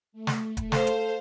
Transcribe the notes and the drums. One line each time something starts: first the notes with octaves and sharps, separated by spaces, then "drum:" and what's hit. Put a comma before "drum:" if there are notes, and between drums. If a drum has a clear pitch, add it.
A3
drum: snare
drum: kick E1, hi-hat
A4 C5 F5, drum: snare
drum: hi-hat